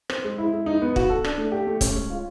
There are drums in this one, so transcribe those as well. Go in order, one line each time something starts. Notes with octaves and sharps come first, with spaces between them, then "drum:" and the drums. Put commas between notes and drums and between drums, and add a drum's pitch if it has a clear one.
C4, drum: rim click
G#3
E4
G#3
D#4
B3
F#4, drum: kick
A4
D4, drum: rim click
A3
G4
A3
C#4, drum: kick, hi-hat
G#3
F4